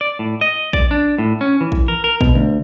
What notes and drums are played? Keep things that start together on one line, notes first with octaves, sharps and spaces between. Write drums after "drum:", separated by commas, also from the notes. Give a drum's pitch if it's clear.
D5
A2
D#5
D5, drum: kick A#1
D4
A2
C#4
E3
drum: kick A#1
A#4
A#4
B2, drum: kick A#1
D2